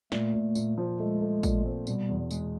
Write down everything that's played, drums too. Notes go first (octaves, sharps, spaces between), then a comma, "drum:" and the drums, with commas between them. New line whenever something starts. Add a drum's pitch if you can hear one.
A#2 A3, drum: snare
A#2
A#2, drum: tambourine
F3
G#3 A3
A3
A#2, drum: kick, tambourine
C4
B2 G3, drum: tambourine
E2
G#3, drum: tambourine